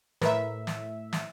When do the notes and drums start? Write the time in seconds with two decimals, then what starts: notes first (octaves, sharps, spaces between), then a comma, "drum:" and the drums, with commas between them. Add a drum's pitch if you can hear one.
0.21 A2 A#4 B4 E5, drum: snare
0.67 drum: snare
1.13 drum: snare